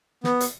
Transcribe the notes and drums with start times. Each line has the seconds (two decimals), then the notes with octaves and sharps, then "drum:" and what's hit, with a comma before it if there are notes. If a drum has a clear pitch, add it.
0.24 B3, drum: snare
0.41 drum: hi-hat